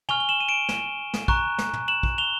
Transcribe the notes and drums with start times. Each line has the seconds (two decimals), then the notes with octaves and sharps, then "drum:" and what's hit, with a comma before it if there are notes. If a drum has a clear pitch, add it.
0.09 G#5 C#6 F6 F7 G7, drum: tom
0.20 G7
0.29 E7 F#7
0.40 D#7
0.48 D7 E7
0.69 drum: snare
1.14 drum: snare
1.28 A#5 C#6 F#6, drum: kick
1.58 drum: snare
1.73 drum: tom
1.88 E7 F#7
2.03 drum: kick
2.18 F7 G7